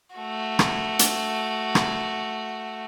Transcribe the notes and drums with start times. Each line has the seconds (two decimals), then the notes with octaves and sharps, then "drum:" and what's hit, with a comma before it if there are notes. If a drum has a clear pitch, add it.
0.16 A3 F#4
0.59 drum: rim click
0.99 drum: hi-hat
1.75 drum: rim click